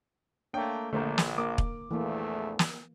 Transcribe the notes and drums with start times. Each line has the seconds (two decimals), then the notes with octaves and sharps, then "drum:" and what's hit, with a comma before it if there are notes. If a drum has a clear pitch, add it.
0.54 A3 A#3 D4 C#5 G5
0.93 A#1 D3 A3 A#3 C5
1.18 drum: snare
1.38 A#3 A#4 D6
1.58 drum: kick E1
1.91 A#1 E2 E3 A3 A#3
2.59 drum: snare